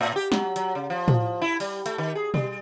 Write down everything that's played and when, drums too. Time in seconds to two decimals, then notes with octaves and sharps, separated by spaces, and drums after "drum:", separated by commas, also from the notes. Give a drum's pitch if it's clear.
0.01 A2
0.16 G4
0.32 F#3, drum: snare
0.56 F#3, drum: hi-hat
0.75 C#3
0.90 F3
1.08 drum: tom A2
1.42 E4
1.60 G3, drum: open hi-hat
1.86 A3, drum: hi-hat
1.98 D#3
2.15 G#4
2.34 G3, drum: tom B2